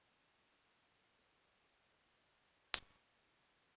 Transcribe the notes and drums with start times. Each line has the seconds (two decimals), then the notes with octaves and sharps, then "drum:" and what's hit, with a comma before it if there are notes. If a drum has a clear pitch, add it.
0.15 G3 G4
0.29 G4
0.43 G4
0.58 F4
0.71 B3 G4
0.86 A4
1.00 G3 G4
1.14 F4
1.28 E3 G4
1.57 D4
1.86 C4
2.14 E4
2.74 drum: hi-hat
2.99 D4
3.13 E4
3.27 D4
3.42 E3 E4
3.55 D3 E4